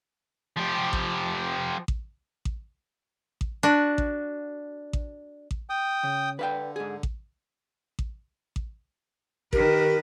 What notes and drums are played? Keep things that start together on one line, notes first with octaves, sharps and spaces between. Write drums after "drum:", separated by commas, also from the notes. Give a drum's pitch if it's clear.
F3 G4
drum: kick A1
drum: kick A1
drum: kick A1
drum: kick A1
D4 F#4
drum: kick A1
drum: kick A1
drum: kick A1
G5 D#6
C#3
D3 B4 F5 G5
G#2 G#4
drum: kick A1
drum: kick A1
drum: kick A1
D#3 G4 A#4 B4, drum: kick A1